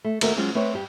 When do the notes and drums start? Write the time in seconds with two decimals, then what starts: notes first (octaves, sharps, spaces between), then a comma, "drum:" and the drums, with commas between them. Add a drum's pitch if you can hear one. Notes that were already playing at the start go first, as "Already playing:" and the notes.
0.04 A3
0.21 D#2 A3 C4 F#4 A#4, drum: cymbal
0.36 F#3 G#3 C4 C#4 F4
0.55 A3 C4 B4 C#5
0.74 G2 G4